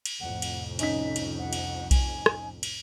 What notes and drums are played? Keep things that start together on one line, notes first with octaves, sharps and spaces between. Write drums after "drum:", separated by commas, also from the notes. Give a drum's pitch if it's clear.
drum: cymbal
C2 F2 A2 F#5
drum: cymbal
C#4 D#4 D#5 B6, drum: cymbal
drum: cymbal
F#5
drum: cymbal
G#5, drum: kick B1, cymbal
drum: rim click
drum: cymbal